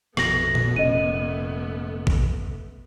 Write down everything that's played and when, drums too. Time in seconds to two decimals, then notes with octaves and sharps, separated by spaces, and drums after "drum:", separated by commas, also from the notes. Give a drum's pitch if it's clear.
0.17 A#1 F2 B2 A3 B3 A#6 F#7, drum: rim click
0.55 drum: tom
0.76 F1 A#2 C#4 D#5 D#7
2.07 drum: kick A1